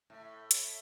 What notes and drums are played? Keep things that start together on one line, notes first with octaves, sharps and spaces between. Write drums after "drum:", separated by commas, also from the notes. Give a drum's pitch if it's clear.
A2 E5
C#5, drum: hi-hat
E5